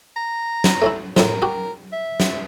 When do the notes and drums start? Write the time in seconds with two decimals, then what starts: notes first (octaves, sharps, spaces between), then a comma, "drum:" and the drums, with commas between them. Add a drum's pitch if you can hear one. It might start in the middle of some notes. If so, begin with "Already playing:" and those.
0.16 A#5
0.64 drum: snare
0.82 A3 C#4 E4
1.16 A2 F3 A#4, drum: snare
1.42 F#4 G4
1.93 E5
2.20 drum: snare